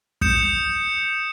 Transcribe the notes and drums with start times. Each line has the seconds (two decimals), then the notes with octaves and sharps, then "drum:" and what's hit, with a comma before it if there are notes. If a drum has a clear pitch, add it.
0.21 D#6 G6 C#7 E7, drum: kick